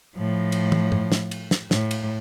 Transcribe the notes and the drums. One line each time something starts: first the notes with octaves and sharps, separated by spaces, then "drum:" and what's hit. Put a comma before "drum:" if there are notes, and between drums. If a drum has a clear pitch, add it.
A2 F3
drum: cymbal
drum: tom
drum: tom
drum: snare
drum: cymbal
drum: snare
A2, drum: snare
drum: cymbal